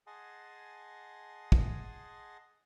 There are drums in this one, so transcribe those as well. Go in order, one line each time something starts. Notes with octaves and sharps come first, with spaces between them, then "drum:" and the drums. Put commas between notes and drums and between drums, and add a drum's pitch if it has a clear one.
G#4 D#5 F#5 G#5 A5 C6
drum: kick